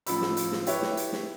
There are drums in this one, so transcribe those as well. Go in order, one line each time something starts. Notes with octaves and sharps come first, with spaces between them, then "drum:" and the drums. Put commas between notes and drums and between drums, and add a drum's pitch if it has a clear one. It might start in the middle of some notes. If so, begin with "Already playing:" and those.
A1 F3 B5 E6, drum: hi-hat
drum: snare
drum: hi-hat
drum: snare
E4 G4 B4 C#5 E5, drum: hi-hat
drum: snare
drum: hi-hat
drum: snare